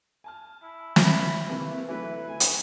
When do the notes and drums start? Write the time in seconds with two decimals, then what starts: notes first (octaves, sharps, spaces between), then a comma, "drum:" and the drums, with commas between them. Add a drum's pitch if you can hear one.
0.24 G#5 A5 F6
0.63 E4
0.96 E4 B5, drum: snare
1.49 C3 E3 A3 A#3
1.89 E3 F#3 A3 B4
2.27 D2 G#5
2.40 drum: hi-hat